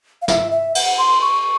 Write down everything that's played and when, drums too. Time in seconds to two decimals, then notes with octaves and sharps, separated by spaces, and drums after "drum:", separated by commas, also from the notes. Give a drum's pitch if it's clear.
0.22 F5
0.28 E5, drum: snare
0.52 E5
0.75 F#5, drum: cymbal
0.98 C6
1.21 C#6